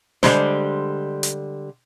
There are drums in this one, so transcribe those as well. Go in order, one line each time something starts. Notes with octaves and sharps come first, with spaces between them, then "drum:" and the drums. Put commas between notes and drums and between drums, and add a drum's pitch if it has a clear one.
D3 G3 G#3 E4 C5, drum: snare
drum: hi-hat